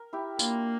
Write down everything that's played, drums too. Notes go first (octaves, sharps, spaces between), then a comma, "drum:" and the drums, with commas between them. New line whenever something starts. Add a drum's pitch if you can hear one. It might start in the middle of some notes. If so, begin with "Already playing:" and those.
Already playing: A#4
E4 G4
A#3 D4 F4, drum: tambourine